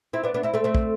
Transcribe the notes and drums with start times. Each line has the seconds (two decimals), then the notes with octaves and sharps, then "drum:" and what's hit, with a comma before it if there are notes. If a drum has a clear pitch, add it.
0.13 C4 E4
0.24 B3 D4
0.34 B3 D4
0.43 C4 E4
0.54 A3 C4
0.64 A3 C4
0.75 drum: kick